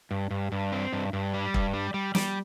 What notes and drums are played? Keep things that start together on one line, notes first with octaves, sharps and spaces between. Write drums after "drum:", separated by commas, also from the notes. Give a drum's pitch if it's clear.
G2
G2
G2
C4
G2
G2
G3
G2, drum: kick
G3
G3
G3, drum: snare